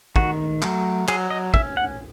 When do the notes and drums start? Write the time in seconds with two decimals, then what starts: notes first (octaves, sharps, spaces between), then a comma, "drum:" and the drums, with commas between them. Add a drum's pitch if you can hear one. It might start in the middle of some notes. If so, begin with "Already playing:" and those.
0.16 D#3 F#4, drum: kick
0.62 F#3 A3, drum: clap
1.08 F#3 G#4, drum: clap
1.30 D#5
1.54 C#4 E5, drum: kick
1.77 F#5